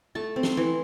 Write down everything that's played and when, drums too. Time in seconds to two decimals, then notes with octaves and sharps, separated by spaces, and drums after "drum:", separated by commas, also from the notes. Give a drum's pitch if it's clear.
0.15 A3 A5
0.36 C4
0.43 C6, drum: snare
0.57 E3